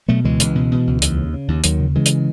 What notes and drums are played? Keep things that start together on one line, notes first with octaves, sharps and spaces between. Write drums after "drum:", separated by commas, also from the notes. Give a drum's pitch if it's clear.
B2 F#3 A3
C#2 E3 G#3
C#2, drum: hi-hat
B2
B2
C#2
D#2, drum: hi-hat
C#3
C#3
D#2
D#2 D#3 F#3, drum: hi-hat
C#3
C#3 E3 G#3
drum: hi-hat